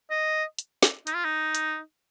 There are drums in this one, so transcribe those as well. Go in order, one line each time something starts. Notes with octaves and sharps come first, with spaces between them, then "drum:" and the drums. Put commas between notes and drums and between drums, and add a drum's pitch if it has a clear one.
D#5
drum: hi-hat
drum: snare
D#4, drum: hi-hat
F4
D#4
drum: hi-hat